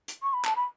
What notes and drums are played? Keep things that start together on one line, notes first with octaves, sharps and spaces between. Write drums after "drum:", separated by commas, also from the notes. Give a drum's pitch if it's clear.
drum: hi-hat
C#6
B5
A5, drum: clap
B5